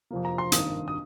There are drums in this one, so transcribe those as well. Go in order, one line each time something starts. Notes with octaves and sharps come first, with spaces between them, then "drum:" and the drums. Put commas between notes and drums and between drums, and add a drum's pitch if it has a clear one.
F2 C3 F3 A#3
A#5
C6
G#1 G2 D#3 A#3 D#6, drum: hi-hat
D#6